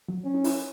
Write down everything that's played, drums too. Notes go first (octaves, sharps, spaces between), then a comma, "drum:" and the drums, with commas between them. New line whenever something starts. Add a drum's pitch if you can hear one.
F#3
C#4
D#4
E4, drum: open hi-hat